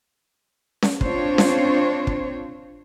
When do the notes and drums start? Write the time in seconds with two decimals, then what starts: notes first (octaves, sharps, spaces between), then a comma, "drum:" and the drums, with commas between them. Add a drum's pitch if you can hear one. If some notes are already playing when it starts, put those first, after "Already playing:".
0.83 drum: snare C#4
1.01 C4 D4 F4 C5 C#5, drum: kick
1.38 drum: snare C#4
2.07 drum: kick